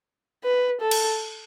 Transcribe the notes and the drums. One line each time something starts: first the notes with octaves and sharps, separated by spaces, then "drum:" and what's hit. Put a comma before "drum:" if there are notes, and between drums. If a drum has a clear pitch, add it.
B4
A4
drum: cymbal